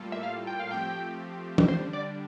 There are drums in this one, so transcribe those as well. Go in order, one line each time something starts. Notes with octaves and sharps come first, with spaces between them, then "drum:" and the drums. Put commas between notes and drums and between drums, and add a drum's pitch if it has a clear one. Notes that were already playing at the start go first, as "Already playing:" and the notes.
Already playing: A2 G3 A#3 F4 A4
E5
F5
G5
F5
F3 A3 C4 G4 G5
drum: tom
D3 G3 D4 C5
D5